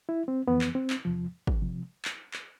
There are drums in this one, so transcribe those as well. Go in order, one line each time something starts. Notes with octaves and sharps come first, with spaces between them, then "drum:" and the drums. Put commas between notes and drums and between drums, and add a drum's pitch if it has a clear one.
E4
C4
F2 E3 B3
drum: clap
C4
drum: clap
E2 C3 F3
drum: kick
C3 F3
drum: clap
drum: clap